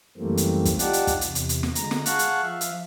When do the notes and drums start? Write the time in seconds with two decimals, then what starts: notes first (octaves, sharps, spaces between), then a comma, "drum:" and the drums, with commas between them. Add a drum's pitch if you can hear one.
0.17 F#2 E3 G3 A3 A#3 C4
0.37 drum: hi-hat
0.65 drum: kick, hi-hat
0.79 D#4 F4 G4 D5 F#5 A5, drum: hi-hat
0.93 drum: hi-hat
1.07 drum: kick, hi-hat
1.21 E2 C3, drum: hi-hat
1.35 drum: hi-hat
1.49 drum: hi-hat
1.63 drum: snare
1.75 D3 G#3 A#5, drum: hi-hat
1.91 drum: snare
2.06 G#4 F5 F#5 A5 C#6 F#6, drum: hi-hat
2.19 drum: hi-hat
2.42 F3 E5 F5
2.61 drum: hi-hat